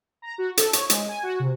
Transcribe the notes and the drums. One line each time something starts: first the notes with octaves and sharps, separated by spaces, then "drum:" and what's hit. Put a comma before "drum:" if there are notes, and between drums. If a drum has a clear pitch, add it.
A#5
F#4
A4, drum: hi-hat
C#5, drum: hi-hat
G#3, drum: hi-hat
G#5
F#4
C3